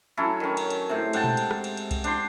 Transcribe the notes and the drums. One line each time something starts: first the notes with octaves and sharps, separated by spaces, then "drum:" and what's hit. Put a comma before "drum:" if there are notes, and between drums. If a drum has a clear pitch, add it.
F#3 C#4 E4 A4
D#3 C#4
drum: cymbal
drum: cymbal
A2 C3
G#2 F#5 G5 A5, drum: cymbal
drum: tom A#2
drum: cymbal
drum: rim click
drum: cymbal
drum: cymbal
drum: kick C2, cymbal
D4 C5 C6, drum: cymbal